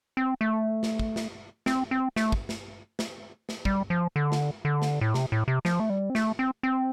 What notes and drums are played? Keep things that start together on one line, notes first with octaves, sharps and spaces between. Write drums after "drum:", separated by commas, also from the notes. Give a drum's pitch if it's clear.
C4
A3
drum: snare
drum: kick
drum: snare
C4, drum: snare
C4
A3, drum: snare
drum: kick
drum: snare
drum: snare
drum: snare
G3, drum: kick
F3
D3
drum: snare
D3
drum: snare
A2
C3, drum: snare
A2
C3
F3, drum: snare
A3
G3
C4
A3, drum: snare
C4
C4